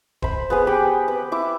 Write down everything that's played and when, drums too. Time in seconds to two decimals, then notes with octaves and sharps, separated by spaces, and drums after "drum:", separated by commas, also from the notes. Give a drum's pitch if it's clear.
0.22 C5 B5, drum: kick D#1
0.50 B3 G#4 B4
0.67 G4 F#5 G5 B5
1.08 B4
1.32 E4 D6